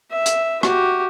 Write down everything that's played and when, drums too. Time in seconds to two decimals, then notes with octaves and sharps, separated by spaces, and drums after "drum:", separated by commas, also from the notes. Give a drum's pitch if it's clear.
0.12 E5
0.26 drum: hi-hat
0.63 F#4 G4, drum: rim click